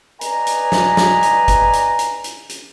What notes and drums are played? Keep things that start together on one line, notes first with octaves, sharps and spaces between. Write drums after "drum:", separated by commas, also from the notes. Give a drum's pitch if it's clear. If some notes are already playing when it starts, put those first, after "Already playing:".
B4 D5 D#5 G#5 A#5, drum: hi-hat
drum: hi-hat
drum: snare
drum: snare
drum: hi-hat
drum: kick G1, hi-hat
drum: hi-hat
drum: hi-hat
drum: hi-hat
drum: hi-hat